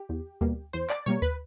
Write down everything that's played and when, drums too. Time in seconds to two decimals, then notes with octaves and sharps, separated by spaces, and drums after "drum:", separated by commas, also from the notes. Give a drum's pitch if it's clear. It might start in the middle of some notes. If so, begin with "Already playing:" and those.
Already playing: G4
0.09 E2
0.41 B2 G3 A#3, drum: kick D2
0.73 E2 C5
0.90 D5, drum: clap
1.06 B2 G3 A#3 C#5
1.22 B4, drum: kick D2